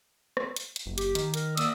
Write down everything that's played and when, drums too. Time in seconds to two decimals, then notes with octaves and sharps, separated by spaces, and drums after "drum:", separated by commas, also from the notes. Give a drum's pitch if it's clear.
0.37 drum: rim click
0.56 drum: hi-hat
0.76 drum: hi-hat
0.86 F#1
0.98 G4, drum: hi-hat
1.15 D#3, drum: hi-hat
1.34 A#4, drum: hi-hat
1.57 A#3 D5 D#6 E6, drum: hi-hat